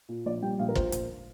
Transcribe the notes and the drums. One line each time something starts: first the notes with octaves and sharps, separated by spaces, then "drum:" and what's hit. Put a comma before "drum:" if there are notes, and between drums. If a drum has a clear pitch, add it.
A#2
A#1 D5
G3 G5
A#1 F5
A#4
A#2 C5, drum: kick
A#1, drum: hi-hat